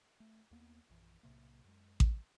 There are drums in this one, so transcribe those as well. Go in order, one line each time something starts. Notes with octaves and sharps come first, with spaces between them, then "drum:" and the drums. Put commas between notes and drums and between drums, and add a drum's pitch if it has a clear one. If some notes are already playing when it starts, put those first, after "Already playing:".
A3
D#2 A#3 B3
A#1 F#2 E3
B1 A2 C3 A#3
F#2 G#3
drum: kick A1